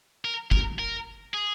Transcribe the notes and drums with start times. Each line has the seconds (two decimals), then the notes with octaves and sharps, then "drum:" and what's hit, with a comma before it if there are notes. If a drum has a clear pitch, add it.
0.25 A#4
0.51 A#4, drum: kick
0.79 A#4
1.34 G#4